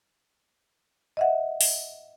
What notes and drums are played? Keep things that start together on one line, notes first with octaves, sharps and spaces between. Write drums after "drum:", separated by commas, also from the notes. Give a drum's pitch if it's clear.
D#5 E5 F#5
drum: open hi-hat